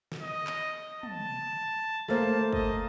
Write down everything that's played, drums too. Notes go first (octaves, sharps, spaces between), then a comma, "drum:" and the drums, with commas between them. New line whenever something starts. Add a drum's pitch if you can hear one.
drum: snare
D#5
drum: clap
A5, drum: tom
A3 A#3 C5 A5, drum: snare
D#5, drum: kick